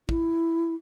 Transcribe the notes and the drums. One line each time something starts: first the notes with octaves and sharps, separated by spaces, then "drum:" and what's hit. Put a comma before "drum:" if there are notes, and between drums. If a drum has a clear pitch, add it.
E4, drum: kick